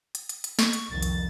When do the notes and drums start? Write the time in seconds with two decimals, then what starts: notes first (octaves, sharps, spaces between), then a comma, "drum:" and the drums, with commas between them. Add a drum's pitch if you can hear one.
0.15 drum: hi-hat
0.29 drum: hi-hat
0.44 drum: hi-hat
0.59 C#6, drum: snare
0.73 drum: hi-hat
0.91 C2 F2 D#3 A6
1.02 drum: hi-hat